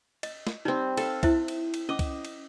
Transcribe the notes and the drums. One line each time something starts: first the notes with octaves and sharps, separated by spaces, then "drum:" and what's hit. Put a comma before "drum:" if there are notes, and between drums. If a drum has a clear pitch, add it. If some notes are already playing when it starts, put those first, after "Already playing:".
D#5, drum: cymbal
drum: snare
G3 C4 D#4
A4 F5, drum: cymbal
E4 C5 E5, drum: kick C2, cymbal
drum: cymbal
drum: cymbal
C#4 D#5 D6
drum: kick C2, cymbal
drum: cymbal